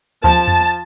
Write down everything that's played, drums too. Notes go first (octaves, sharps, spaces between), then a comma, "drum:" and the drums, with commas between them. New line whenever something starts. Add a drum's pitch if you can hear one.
F3 A5, drum: kick D2
drum: tom E2